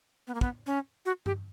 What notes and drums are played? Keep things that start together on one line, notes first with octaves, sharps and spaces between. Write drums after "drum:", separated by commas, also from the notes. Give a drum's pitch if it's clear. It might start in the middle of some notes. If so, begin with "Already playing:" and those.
B3
A#3
B3, drum: kick
C#4
F#4
G4, drum: tom G2